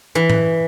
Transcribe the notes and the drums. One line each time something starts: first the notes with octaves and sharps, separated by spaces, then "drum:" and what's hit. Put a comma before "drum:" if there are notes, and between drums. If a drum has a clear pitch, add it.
E3
drum: tom A2